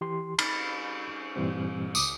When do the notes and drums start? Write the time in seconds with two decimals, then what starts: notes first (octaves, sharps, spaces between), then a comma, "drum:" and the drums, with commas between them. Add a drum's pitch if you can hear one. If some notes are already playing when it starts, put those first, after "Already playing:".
0.01 E3 G4 C6
0.38 B5 A6, drum: cymbal
1.36 G2 A#2 E3 G3 C4
1.95 C#2 D6 D#6, drum: tambourine